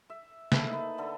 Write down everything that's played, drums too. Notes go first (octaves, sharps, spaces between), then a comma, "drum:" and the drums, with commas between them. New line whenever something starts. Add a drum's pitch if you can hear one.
E5
A#3 E4 A4 B4 A5, drum: snare
D#4 B4
D3 A4